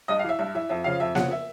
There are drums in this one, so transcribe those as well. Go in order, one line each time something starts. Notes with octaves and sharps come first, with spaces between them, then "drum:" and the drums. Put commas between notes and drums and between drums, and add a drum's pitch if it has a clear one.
G2 D#5
F5
E3 E5
G2 E5
E3 E5
F2 E5
C#3 F3 F5
F2 E5
C#3 F3 F#5, drum: snare A#3
E5